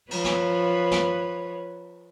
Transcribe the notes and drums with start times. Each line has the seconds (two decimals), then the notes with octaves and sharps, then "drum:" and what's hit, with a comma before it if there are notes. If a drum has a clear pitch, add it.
0.11 F3 B4 C#5, drum: cymbal
0.24 drum: snare
0.91 drum: snare